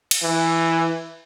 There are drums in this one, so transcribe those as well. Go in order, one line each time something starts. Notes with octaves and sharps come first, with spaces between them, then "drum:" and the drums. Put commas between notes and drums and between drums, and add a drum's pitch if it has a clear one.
drum: cymbal
E3